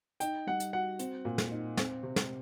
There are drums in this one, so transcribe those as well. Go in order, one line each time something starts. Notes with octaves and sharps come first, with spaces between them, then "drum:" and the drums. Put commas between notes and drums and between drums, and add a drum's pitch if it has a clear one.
D#4 G5, drum: hi-hat
G3 F#5
drum: hi-hat
F#4 F#5
C4, drum: hi-hat
A#2
drum: snare
D#4
C4, drum: snare
C3
drum: snare